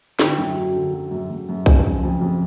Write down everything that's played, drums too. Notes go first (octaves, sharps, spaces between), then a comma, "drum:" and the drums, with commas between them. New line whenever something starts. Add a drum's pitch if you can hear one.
D3 G5, drum: snare
F#2
F#3
D3
F#3
F#2
F#2
F#2
C#3 G#5, drum: kick, tambourine
F3
F2
F2